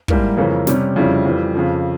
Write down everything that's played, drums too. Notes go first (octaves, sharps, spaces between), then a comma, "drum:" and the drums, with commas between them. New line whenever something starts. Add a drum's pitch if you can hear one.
G#2 G3 A#3 E4, drum: kick
F2 C#3 E3 A#3 C#4
C3 G3 C#4, drum: snare
F2 C#3 G3 C#4 E4
F2 E3 G3
F2 C#3 F3